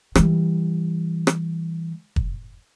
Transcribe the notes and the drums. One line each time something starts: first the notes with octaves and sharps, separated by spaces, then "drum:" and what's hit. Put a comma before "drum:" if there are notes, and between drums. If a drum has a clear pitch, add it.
E3 G3, drum: rim click
drum: rim click
drum: kick